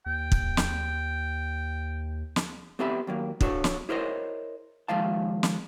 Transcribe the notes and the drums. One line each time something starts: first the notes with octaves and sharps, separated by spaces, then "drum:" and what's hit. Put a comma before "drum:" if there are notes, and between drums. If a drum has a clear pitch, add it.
D#2 G5
drum: kick
drum: snare
drum: snare
B3 C4 G4 A4 E5 B5
D#2 F#3 A#3
D4 F#4 A4 C#5, drum: kick
drum: snare
E4 G#4 A#4 C5 C#5 D#5
D#2 F3 G#3 F5 A5
drum: snare